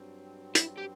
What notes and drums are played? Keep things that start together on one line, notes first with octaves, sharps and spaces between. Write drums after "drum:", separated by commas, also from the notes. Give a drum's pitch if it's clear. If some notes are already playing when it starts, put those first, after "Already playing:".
Already playing: G2 F#3 C4
E4, drum: hi-hat
G4